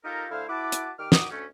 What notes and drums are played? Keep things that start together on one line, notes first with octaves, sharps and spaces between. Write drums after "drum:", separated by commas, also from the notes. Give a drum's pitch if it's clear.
D#4 F4 G4 A4 A#4
D3 A3 E4 C5 F5
E4 F#4 B4 A5 D6
drum: hi-hat
D#3 G4 D6 F6
D#3 F#4 D6 D#6, drum: snare
D2 A3 C#4